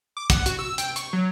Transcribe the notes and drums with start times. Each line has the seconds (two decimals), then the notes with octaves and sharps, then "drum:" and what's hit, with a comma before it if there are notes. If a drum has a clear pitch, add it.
0.17 D6
0.30 F#5, drum: kick, hi-hat
0.46 F#4, drum: hi-hat
0.59 E6
0.78 G5, drum: hi-hat
0.96 C#6, drum: hi-hat
1.13 F#3